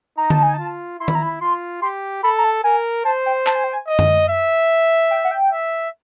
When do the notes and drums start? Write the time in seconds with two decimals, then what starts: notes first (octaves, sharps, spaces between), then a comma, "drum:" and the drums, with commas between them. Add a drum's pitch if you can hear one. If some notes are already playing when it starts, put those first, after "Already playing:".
0.17 D#4 A#5
0.30 A5, drum: tom D3
0.43 G#5
0.54 F4 A5
1.00 E4 C6
1.08 B5, drum: tom D#3
1.15 A#5
1.23 B5
1.41 F4 C6
1.82 G4 C6
2.23 A4 B5
2.38 A#5
2.44 A5
2.64 A#4 G#5
3.05 C5 A5
3.26 G5
3.47 A5, drum: clap
3.55 G#5
3.64 G5
3.73 G#5
3.87 D#5
3.99 drum: tom F#2
4.29 E5
5.11 G5
5.24 F#5
5.31 G5
5.52 E5